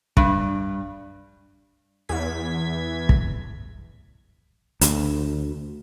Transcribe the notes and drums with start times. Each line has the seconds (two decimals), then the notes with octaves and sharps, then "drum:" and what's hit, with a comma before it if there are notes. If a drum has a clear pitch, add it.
0.17 G2, drum: kick
2.09 E2 G#6 B6
3.09 drum: kick
4.81 D2, drum: hi-hat